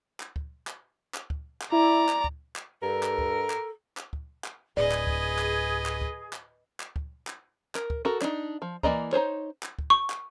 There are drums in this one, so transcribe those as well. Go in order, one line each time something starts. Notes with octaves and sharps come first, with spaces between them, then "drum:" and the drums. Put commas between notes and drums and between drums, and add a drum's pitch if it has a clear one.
drum: clap
drum: kick
drum: clap
drum: clap
drum: kick
drum: clap
E4 D5 A#5
drum: clap
drum: kick
drum: clap
G2 A4 A#4
drum: clap
drum: kick
drum: clap
drum: clap
drum: kick
drum: clap
D1 G#4 B4 D5 D#5
drum: clap
drum: kick
drum: clap
drum: clap
drum: kick
drum: clap
drum: clap
drum: kick
drum: clap
A#4, drum: clap
drum: kick
F#4 A4 A#4
D4 D#4, drum: clap
F3
E3 A#3 D5 D#5 A#5, drum: kick
D#4 G#4 C5 C#5
drum: clap
drum: kick
C#6
drum: clap